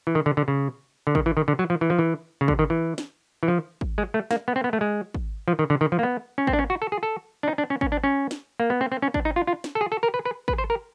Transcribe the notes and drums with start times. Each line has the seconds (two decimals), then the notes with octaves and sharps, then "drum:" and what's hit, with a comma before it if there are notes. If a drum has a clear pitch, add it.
0.07 E3
0.15 D#3
0.26 D3
0.37 D3
0.48 C#3
1.07 D3
1.15 D#3, drum: kick
1.26 E3
1.37 D#3
1.48 D3
1.59 F#3
1.70 F3
1.81 E3
1.90 F3
1.99 E3
2.41 C#3
2.48 D3, drum: kick
2.59 D#3
2.70 E3
2.98 drum: snare
3.43 E3
3.48 F3
3.81 drum: kick
3.98 G#3
4.14 A3
4.31 A#3, drum: snare
4.48 B3
4.56 C4
4.64 B3
4.73 A3
4.81 G#3
5.14 drum: kick
5.48 F3
5.59 D#3
5.70 D3
5.81 D#3
5.92 F3
5.99 A#3
6.03 B3
6.38 C#4
6.47 C4, drum: kick
6.53 D4
6.59 C#4
6.70 F#4
6.82 A4
6.92 G#4
7.03 A4
7.43 D4
7.48 D#4
7.58 D4
7.70 C#4
7.81 C#4, drum: kick
7.92 D4
8.04 C#4
8.31 drum: snare
8.60 A#3
8.70 B3
8.81 C4
8.92 C4
9.02 C#4
9.14 D4, drum: kick
9.25 D#4
9.36 F4
9.47 F4
9.64 drum: snare
9.75 A4
9.81 G#4
9.92 A4
10.03 A#4
10.14 B4
10.25 B4
10.48 B4, drum: kick
10.58 C5
10.70 A#4